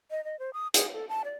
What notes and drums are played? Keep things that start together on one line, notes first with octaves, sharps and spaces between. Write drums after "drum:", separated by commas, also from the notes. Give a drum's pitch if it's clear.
D#5
D#5
C5
D#6
G#4, drum: hi-hat
A4
A5
D5